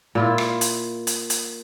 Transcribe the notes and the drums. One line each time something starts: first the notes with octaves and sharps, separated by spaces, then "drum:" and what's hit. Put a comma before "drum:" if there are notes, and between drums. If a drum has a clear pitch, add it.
A#2 E4 F4
drum: rim click
drum: hi-hat
drum: hi-hat
drum: hi-hat